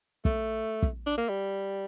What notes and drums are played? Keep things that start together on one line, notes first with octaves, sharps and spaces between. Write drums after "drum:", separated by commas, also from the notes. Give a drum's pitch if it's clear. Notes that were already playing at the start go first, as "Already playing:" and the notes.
A3, drum: kick
drum: kick
D4
A#3
G3